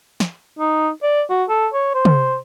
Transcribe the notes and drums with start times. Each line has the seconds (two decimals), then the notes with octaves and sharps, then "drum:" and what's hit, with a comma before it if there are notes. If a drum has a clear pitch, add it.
0.20 drum: snare
0.59 D#4
1.03 D5
1.30 F#4
1.49 A4
1.73 C#5
1.94 C5
2.05 drum: tom